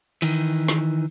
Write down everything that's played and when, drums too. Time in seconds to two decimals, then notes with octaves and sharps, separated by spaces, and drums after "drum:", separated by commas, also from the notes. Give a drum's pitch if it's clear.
0.22 D#3 E3, drum: cymbal
0.68 drum: snare